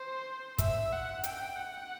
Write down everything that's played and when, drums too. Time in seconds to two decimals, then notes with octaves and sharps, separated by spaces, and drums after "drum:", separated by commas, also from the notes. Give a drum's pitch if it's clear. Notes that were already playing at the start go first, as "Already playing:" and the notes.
Already playing: C5
0.58 E5, drum: kick, hi-hat
0.92 F#5
1.24 G5, drum: hi-hat
1.56 F#5